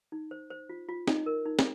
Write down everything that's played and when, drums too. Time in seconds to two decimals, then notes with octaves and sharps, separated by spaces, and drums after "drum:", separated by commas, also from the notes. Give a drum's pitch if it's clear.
0.12 D#4
0.31 C5
0.50 C5
0.69 F4
0.89 F4
1.07 D#4 D#5, drum: snare
1.26 A#4
1.46 D#4
1.59 drum: snare